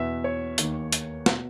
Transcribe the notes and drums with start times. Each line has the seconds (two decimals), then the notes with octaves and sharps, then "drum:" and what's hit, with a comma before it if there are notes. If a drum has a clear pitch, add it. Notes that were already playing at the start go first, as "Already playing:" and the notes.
Already playing: E2 B2 E5
0.24 C#5
0.58 D#2 D#3, drum: hi-hat
0.92 drum: hi-hat
1.26 B2, drum: snare